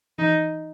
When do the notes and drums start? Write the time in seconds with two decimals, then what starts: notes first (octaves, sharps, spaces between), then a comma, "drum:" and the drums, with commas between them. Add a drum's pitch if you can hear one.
0.18 D#4, drum: tom E3